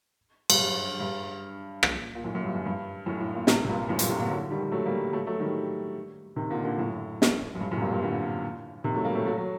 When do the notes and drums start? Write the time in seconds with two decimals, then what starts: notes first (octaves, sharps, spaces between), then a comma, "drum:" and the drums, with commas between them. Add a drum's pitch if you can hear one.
0.50 G2, drum: cymbal
0.58 F#2
1.00 G2
1.83 drum: rim click
2.15 A#2
2.24 F#2 A2
2.35 F#2
2.44 G2
2.55 F#2
2.66 G2
3.06 F#2 A2
3.20 A2
3.34 A#2
3.47 A2 C3, drum: snare
3.64 C3
3.69 G2 A#2
3.89 F#2 A2
3.99 G2 A#2, drum: hi-hat
4.09 A2 C3
4.20 A#2 D3
4.30 D3 F#3
4.50 D#3 G3
4.63 G3
4.72 F#3 A3
4.86 G3 A#3
5.13 F#3 A3
5.27 F#3 A3
5.40 D#3 G3
6.36 C3 D#3
6.50 A#2 D3
6.64 A#2 D3
6.77 F#2 A2
7.22 drum: snare
7.55 F#2
7.60 G2
7.71 F#2 A2
7.77 C3
7.81 G2 A#2
7.91 G2 A#2
8.02 A#2 D3
8.84 C3 D#3
8.94 F#3 A3
9.05 G3 A#3
9.15 F#3 A3
9.26 F#3 A3
9.38 F#3